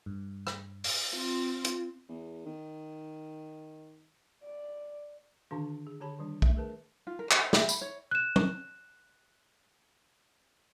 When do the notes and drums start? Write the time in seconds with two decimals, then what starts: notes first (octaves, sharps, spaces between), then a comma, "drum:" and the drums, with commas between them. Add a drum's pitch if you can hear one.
0.06 G2
0.47 drum: rim click
0.84 drum: open hi-hat
1.13 C4 F4
1.65 drum: hi-hat
2.08 E2
2.46 D#3
4.44 D5
5.51 D3 D#3 D4 F#4 F5 A5
5.87 G#4
6.00 D3 G4 C#5 A5 B5
6.19 D#3 G3 D4
6.42 A3 E5, drum: kick
6.56 G#4 A#4 B4 A5
7.07 F4
7.19 A#4
7.31 D#5, drum: clap
7.53 E5, drum: snare
7.69 B5, drum: tambourine
7.81 C#5
8.11 F#6 E7
8.36 drum: tom